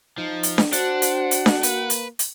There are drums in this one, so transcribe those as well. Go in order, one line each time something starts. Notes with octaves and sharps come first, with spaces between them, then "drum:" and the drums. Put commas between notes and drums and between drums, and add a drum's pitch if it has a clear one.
F3 D#4
drum: hi-hat
drum: snare D4
D4 F#4 C5 F#5, drum: hi-hat
drum: hi-hat
drum: hi-hat
drum: snare D4
A#3 B4, drum: hi-hat
drum: hi-hat
drum: hi-hat